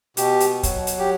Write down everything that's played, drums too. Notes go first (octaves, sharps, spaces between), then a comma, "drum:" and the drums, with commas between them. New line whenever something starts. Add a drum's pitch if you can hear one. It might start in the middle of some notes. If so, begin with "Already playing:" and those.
B2 G4, drum: hi-hat
drum: hi-hat
F#3, drum: kick, hi-hat
drum: hi-hat
G4